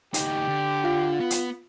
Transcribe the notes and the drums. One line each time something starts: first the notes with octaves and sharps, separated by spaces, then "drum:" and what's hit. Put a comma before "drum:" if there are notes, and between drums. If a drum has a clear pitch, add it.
D2 D#4 G4, drum: hi-hat
D3
F4 F5
B3
drum: hi-hat